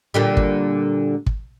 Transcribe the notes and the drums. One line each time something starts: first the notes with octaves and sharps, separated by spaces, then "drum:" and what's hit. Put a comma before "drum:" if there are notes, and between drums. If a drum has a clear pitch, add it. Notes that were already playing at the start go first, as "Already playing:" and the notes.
A#2 D3 G3
drum: kick
drum: kick